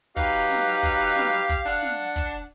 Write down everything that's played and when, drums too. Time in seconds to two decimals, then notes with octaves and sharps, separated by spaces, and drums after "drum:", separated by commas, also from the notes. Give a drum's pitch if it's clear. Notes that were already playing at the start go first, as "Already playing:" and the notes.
0.16 F#3 D#4 G4 B4 F5, drum: kick
0.33 drum: hi-hat
0.50 drum: snare
0.66 drum: hi-hat
0.83 drum: kick, open hi-hat
1.00 drum: hi-hat
1.16 drum: snare
1.33 drum: hi-hat
1.49 drum: kick, open hi-hat
1.66 D4 F#5, drum: hi-hat
1.83 drum: snare
1.99 drum: hi-hat
2.16 drum: kick, open hi-hat
2.32 drum: hi-hat